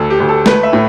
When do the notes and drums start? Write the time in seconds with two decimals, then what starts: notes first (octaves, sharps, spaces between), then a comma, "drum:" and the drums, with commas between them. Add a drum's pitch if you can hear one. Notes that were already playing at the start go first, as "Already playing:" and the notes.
Already playing: D2 A4
0.10 G4
0.20 D2
0.29 A4
0.46 A3 B4, drum: snare
0.63 E5
0.73 A2